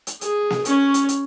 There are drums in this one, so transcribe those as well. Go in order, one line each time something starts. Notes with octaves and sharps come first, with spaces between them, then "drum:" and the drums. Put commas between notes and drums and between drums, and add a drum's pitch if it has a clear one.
drum: hi-hat
G#4, drum: hi-hat
drum: snare A#3
C#4 C#5, drum: hi-hat
drum: hi-hat
drum: hi-hat